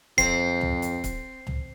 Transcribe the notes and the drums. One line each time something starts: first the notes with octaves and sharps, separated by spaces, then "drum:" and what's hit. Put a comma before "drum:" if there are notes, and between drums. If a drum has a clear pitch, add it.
F2 C4 C7, drum: kick C#1, hi-hat
drum: tom C#2
drum: hi-hat
drum: kick C#1, hi-hat
drum: tom C#2